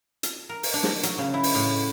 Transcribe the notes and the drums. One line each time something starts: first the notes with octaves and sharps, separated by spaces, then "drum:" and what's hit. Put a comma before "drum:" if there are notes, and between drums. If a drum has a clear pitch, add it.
drum: hi-hat
A#4
drum: open hi-hat
D4
drum: snare
F#3, drum: hi-hat
C#3
E4
drum: open hi-hat
A2